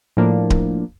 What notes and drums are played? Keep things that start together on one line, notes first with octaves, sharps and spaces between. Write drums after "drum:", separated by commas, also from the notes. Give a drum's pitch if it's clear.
A2 F3 A#3 D4
drum: kick D1